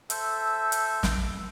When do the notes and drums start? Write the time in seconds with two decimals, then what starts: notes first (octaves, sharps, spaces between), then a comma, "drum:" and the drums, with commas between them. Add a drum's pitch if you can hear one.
0.10 A4 C5 E5, drum: hi-hat
0.72 drum: hi-hat
1.03 drum: snare